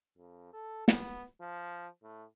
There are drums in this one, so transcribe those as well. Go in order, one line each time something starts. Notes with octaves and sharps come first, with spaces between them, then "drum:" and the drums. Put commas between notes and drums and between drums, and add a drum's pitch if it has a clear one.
F2
A4
B3, drum: snare
F3
A2